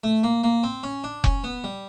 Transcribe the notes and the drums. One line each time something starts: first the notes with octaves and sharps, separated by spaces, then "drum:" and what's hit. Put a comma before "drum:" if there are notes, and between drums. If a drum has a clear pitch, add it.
A3
A#3
A#3
C4
C#4
D4
C#4, drum: kick F1
B3
G3